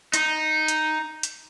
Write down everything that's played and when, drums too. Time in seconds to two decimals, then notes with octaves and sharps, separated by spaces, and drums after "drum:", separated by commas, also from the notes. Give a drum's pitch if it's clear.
0.14 D#4, drum: hi-hat
0.68 drum: hi-hat
1.23 drum: hi-hat